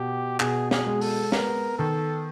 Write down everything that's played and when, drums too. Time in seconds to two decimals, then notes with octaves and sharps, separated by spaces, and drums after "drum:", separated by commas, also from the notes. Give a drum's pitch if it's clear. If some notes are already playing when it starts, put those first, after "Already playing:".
Already playing: B2 G4
0.40 B2 G#4, drum: clap
0.71 G#4, drum: snare
0.87 G#3
1.01 A4, drum: open hi-hat
1.32 B3 A#4, drum: snare
1.79 D#3 A4